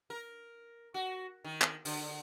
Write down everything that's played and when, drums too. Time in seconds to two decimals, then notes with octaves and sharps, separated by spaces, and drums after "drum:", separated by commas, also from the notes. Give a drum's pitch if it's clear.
0.10 A#4
0.94 F#4
1.44 D#3
1.62 drum: clap
1.85 D3, drum: open hi-hat